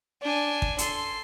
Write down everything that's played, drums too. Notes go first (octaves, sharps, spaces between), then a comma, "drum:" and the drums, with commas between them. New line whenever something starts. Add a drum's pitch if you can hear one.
D4 G#5
drum: kick
A4 C6, drum: hi-hat